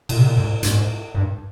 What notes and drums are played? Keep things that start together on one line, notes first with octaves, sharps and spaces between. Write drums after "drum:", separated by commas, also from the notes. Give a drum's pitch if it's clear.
A#2, drum: cymbal
C3
A#2
G#2
G#2, drum: hi-hat
G2